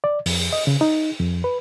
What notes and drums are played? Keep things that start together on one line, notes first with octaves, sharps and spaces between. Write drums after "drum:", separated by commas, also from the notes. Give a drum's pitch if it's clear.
D5
F2, drum: open hi-hat
D#5
C#3
D#4
F2
B4